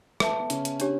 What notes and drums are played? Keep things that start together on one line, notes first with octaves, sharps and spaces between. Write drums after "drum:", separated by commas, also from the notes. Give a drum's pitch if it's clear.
B4 E5 A5, drum: rim click
B3
C#3 C#4, drum: hi-hat
drum: hi-hat
D4 G4 C#5, drum: hi-hat